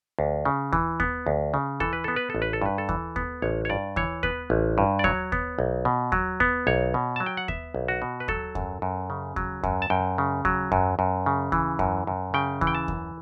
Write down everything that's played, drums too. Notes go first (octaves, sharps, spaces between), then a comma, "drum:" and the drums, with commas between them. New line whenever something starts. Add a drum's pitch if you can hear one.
D2
C#3
E3, drum: kick D#2
B3, drum: kick D#2
D2
C#3
E3 A4, drum: kick D#2
B4
B3 A4
B4
A1 A4
B4
A4
G2 B4
A4
E3, drum: kick D#2
B3, drum: kick D#2
A1 C#5
C#5
G2 D5
E3 C#5, drum: kick D#2
B3 B4, drum: kick D#2
A1
G2
D5
F#3 C#5, drum: kick D#2
B3, drum: kick D#2
B1
B2
F#3, drum: kick D#2
B3, drum: kick D#2
B1 C#5
B2
F#3 A5
G5
F#5
B3 E5, drum: kick D#2
B1
F#4
B2
B4
F#3 A4, drum: kick D#2
F#2, drum: kick D#2
F#2
C#3
F#3, drum: kick D#2
F#2, drum: kick D#2
A5
F#2 G5
C#3
F#3, drum: kick D#2
F#2, drum: kick D#2
F#2
C#3
E3, drum: kick D#2
F#2, drum: kick D#2
F#2
C#3 G5
E3, drum: kick D#2
G5
A5
F#2, drum: kick D#2